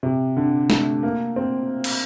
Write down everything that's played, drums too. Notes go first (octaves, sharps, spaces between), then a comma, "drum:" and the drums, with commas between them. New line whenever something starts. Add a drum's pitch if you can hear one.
C3
D3
A3, drum: snare
A#3
C4
drum: cymbal